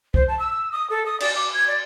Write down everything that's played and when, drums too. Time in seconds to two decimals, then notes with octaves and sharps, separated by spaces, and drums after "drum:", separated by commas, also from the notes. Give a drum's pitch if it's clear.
0.14 C5, drum: kick
0.28 A5
0.39 E6
0.72 D#6
0.90 A4
1.06 D#6
1.20 D5, drum: cymbal
1.36 D6
1.54 G#6
1.68 D5